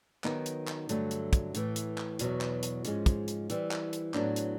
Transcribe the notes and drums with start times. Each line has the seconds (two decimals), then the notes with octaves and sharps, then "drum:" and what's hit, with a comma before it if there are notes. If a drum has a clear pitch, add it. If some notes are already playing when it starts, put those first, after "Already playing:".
0.24 D#3 F#3 B3 D#4, drum: clap
0.46 drum: hi-hat
0.68 drum: clap
0.89 G2 D3 F#3 A3, drum: hi-hat
1.11 drum: hi-hat
1.33 drum: kick, hi-hat
1.55 A2 E3 A3, drum: hi-hat
1.76 drum: hi-hat
1.98 drum: clap
2.19 E2 B2 F#3, drum: hi-hat
2.41 drum: clap
2.63 drum: hi-hat
2.85 G#2 F3 G#3 C#4, drum: hi-hat
3.06 drum: kick, hi-hat
3.28 drum: hi-hat
3.50 E3 G3 C4, drum: hi-hat
3.71 drum: clap
3.93 drum: hi-hat
4.14 A2 F#3 B3 D4, drum: clap
4.36 drum: hi-hat